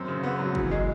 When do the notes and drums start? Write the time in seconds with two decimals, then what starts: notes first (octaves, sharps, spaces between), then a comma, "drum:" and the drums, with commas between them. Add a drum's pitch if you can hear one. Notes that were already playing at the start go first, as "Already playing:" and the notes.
Already playing: F#2 C4
0.08 C#3
0.23 B3
0.39 F#3
0.55 E3, drum: kick
0.71 G#3